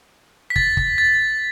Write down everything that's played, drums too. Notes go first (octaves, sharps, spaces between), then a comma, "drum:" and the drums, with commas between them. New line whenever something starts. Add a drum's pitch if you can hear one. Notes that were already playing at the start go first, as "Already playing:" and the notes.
B6
A6, drum: kick
drum: kick
A6